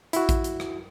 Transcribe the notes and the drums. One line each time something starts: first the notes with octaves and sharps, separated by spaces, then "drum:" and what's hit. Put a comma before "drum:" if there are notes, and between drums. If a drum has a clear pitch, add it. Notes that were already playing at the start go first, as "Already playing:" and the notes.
E4 F#4, drum: hi-hat
drum: kick, hi-hat
drum: hi-hat
drum: rim click